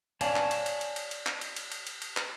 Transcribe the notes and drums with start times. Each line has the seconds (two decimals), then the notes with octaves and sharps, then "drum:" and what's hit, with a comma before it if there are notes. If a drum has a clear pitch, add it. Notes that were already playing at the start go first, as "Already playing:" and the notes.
0.21 C#5 D5 F5 G#5 A5, drum: cymbal
0.36 drum: clap
0.51 drum: cymbal
0.66 drum: cymbal
0.81 drum: cymbal
0.96 drum: cymbal
1.11 drum: cymbal
1.26 drum: clap
1.41 drum: cymbal
1.56 drum: cymbal
1.72 drum: cymbal
1.87 drum: cymbal
2.02 drum: cymbal
2.17 drum: clap